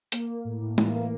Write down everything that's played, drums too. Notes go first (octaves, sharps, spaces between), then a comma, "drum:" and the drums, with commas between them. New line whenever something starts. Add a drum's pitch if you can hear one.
A#3, drum: hi-hat
A#3
A2
A2
E3, drum: tom
A#3